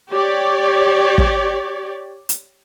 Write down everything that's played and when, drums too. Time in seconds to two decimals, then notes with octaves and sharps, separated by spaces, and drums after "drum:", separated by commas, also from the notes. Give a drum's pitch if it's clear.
0.10 G4 C#5 D5
1.18 drum: kick
2.29 drum: hi-hat